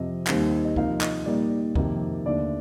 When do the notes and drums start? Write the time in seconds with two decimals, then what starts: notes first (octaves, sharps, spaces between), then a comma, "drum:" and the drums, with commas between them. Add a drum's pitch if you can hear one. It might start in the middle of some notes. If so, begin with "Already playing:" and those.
Already playing: F2 C3 F3 D#5
0.27 D#2 D#3 G3 C4 D#4, drum: clap
0.64 D#5
0.76 C3 F3 A#3 D#4 F5, drum: kick
1.01 D#5, drum: clap
1.26 A#2 G3 A#3 D#4 D5
1.75 F2 C3 D#3 A#3 D#4, drum: kick
2.26 D#2 D3 A3 D4 D5